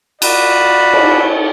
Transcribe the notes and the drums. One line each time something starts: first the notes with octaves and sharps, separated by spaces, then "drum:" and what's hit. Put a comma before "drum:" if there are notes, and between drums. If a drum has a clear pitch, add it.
F4 F#4 D5 B5, drum: cymbal
drum: cymbal